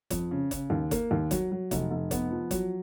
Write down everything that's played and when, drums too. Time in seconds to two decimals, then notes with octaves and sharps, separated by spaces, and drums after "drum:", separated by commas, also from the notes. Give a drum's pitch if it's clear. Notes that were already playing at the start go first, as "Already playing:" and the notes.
0.11 F2, drum: kick, hi-hat
0.31 C#3
0.51 C#3, drum: kick, hi-hat
0.70 D#2
0.91 A#3, drum: kick, hi-hat
1.11 D#2
1.31 F#3, drum: kick, hi-hat
1.51 F#3
1.71 F1, drum: kick, hi-hat
1.91 F1
2.11 B3, drum: kick, hi-hat
2.31 F3
2.51 F#3, drum: kick, hi-hat